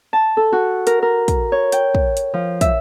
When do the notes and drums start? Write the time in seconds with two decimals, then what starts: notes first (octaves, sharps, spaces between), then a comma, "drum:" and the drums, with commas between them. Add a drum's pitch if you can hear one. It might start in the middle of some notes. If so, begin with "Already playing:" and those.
0.13 A5
0.37 A4
0.52 F#4
0.87 A#4, drum: hi-hat
1.02 A#4
1.28 drum: kick, hi-hat
1.52 C#5
1.72 G5, drum: hi-hat
1.95 drum: kick
2.17 drum: hi-hat
2.34 F3
2.61 E5, drum: kick, hi-hat